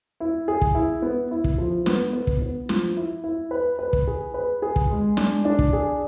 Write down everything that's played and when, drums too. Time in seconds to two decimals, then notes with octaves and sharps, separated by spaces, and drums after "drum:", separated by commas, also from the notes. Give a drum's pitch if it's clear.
0.20 E4
0.48 G#4
0.61 drum: kick
0.75 E4
1.02 B3
1.31 E4
1.44 drum: kick
1.58 F3
1.86 B3, drum: snare
2.13 B3
2.27 drum: kick
2.42 B3
2.69 F3, drum: snare
2.97 E4
3.24 E4
3.51 B4
3.79 B4
3.93 drum: kick
4.07 G#4
4.34 B4
4.62 G#4
4.76 drum: kick
4.90 G#3
5.17 D4, drum: snare
5.45 D4
5.59 drum: kick
5.73 G#4